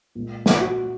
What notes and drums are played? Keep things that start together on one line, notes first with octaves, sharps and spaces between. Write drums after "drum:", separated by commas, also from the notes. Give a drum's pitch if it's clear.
A#2 G#3
drum: snare
F#4